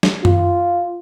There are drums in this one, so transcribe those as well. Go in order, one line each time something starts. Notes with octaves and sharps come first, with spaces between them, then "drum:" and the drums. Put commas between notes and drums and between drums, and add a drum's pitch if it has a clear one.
drum: snare
F4, drum: tom F#2